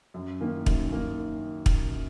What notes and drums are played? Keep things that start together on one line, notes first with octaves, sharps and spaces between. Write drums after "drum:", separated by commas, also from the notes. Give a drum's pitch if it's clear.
F#2
D#3 A#3
F#2, drum: kick
D#3 A#3
drum: kick